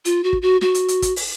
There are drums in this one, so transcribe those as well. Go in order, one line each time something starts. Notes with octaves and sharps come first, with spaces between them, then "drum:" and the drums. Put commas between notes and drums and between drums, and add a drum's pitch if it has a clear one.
F4, drum: hi-hat
F#4
drum: kick
F#4
F#4, drum: snare
drum: hi-hat
drum: hi-hat
drum: kick, hi-hat
drum: open hi-hat